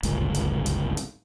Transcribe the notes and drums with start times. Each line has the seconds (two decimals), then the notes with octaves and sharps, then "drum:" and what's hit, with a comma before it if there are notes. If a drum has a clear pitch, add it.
0.03 D1 G1 C#2 A#2, drum: hi-hat
0.35 drum: hi-hat
0.66 drum: hi-hat
0.97 drum: hi-hat